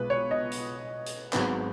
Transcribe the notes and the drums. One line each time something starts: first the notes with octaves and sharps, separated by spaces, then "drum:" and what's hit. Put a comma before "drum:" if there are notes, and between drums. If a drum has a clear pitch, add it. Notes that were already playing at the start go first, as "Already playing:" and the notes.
Already playing: B1 B2 G#3 B3 B4
C#5
D#5
drum: hi-hat
drum: hi-hat
G#1 G#2 F#3 B3, drum: clap